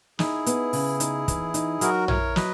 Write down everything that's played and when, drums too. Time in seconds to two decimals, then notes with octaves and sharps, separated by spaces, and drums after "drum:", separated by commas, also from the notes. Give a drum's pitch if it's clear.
0.19 D#4 E4 G#4, drum: snare
0.46 B3, drum: hi-hat
0.73 C#3, drum: open hi-hat
1.00 D#4, drum: hi-hat
1.28 E3, drum: kick, hi-hat
1.54 D#4, drum: hi-hat
1.81 F#3 F#4 A#4, drum: hi-hat
2.08 E4 A#4 C#5, drum: tom A#1
2.36 F#3 B4 D#5, drum: snare